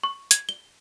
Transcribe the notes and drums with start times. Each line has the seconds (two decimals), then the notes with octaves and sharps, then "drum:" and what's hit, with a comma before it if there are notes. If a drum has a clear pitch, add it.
0.03 C#6
0.31 G#6, drum: hi-hat
0.49 G7